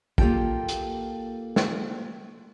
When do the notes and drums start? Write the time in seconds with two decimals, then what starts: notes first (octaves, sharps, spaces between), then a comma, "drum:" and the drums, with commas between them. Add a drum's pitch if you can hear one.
0.18 A#3 F4 G4 A4 G5, drum: kick A#1
0.68 drum: hi-hat
1.56 drum: snare